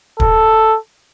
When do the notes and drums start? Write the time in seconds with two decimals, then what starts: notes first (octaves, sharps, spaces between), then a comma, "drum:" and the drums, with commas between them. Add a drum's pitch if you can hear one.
0.20 A4, drum: kick